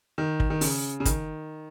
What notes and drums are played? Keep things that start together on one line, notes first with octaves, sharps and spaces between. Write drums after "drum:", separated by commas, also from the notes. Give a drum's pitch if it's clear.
D#3
drum: kick
D#3
C#3, drum: open hi-hat
C#3
D#3, drum: kick, hi-hat